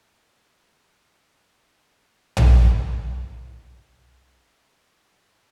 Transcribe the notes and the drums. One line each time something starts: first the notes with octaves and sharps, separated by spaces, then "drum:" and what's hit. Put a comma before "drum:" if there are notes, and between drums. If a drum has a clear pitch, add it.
G3 D#4 E5
drum: tom
F5
F#4
D#5 F5
G#3
G3